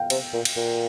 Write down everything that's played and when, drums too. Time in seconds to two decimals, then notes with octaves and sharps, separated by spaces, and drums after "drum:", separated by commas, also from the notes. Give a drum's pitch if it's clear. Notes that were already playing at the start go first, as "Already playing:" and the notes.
Already playing: F5 G5
0.10 C3, drum: cymbal
0.33 A#2
0.45 drum: cymbal
0.56 A#2